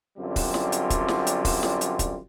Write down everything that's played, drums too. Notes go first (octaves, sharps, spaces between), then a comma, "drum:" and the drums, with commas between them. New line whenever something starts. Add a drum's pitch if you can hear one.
F#2 D3 G3 C4 F4
drum: kick, open hi-hat
drum: snare
drum: hi-hat
drum: kick, hi-hat
drum: snare
drum: hi-hat
drum: kick, open hi-hat
drum: snare
drum: hi-hat
drum: kick, hi-hat